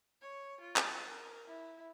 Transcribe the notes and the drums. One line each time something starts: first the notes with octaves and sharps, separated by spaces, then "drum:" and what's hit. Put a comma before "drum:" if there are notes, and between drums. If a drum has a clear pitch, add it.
C#5
F4
drum: clap
A#4
E4